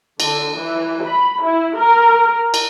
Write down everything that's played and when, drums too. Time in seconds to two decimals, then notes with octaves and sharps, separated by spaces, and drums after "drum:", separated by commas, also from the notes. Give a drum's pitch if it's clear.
0.20 D3, drum: cymbal
0.55 E3
1.05 B5
1.42 E4
1.77 A#4
2.54 drum: cymbal